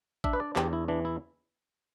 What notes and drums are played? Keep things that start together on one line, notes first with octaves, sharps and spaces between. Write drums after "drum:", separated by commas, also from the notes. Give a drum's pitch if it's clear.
D4 E5, drum: kick A1
B4
D5
E2 G4, drum: clap
E4
E3 D4
E4